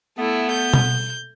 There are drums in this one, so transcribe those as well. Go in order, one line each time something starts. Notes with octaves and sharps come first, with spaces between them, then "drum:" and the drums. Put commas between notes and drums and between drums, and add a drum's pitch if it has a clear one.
A3 B3 E4
G6
drum: tom B2